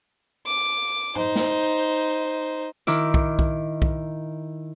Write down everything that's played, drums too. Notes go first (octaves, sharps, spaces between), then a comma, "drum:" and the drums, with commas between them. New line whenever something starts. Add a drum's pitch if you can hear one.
D6
D#4 C5, drum: tom G#2
drum: snare
D#3 E4 D6, drum: hi-hat
drum: kick B1
drum: kick B1
drum: kick B1